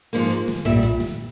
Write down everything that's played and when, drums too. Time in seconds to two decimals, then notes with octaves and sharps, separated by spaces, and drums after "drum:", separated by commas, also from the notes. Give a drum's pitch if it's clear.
0.13 G#2 F3 A#3, drum: open hi-hat
0.30 drum: hi-hat
0.48 drum: snare
0.65 A#2 G3 E5, drum: tom F#2
0.83 drum: hi-hat
1.00 drum: snare